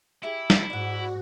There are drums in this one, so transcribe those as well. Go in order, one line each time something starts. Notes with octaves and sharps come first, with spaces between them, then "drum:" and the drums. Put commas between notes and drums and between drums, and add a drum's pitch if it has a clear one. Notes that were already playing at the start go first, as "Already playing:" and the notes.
E4 G4 G#4 E5
drum: snare
G#2 F#4 D5 F#5